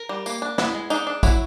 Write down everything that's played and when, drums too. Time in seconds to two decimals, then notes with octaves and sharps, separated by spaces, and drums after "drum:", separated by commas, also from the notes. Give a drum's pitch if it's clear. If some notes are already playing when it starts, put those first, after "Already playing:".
Already playing: A#4
0.09 G3
0.26 A#3, drum: tambourine
0.42 D4
0.58 B3 E4, drum: snare
0.74 G#3
0.90 D4 D#4, drum: tambourine
1.07 D4
1.23 F#3 E4, drum: kick, tambourine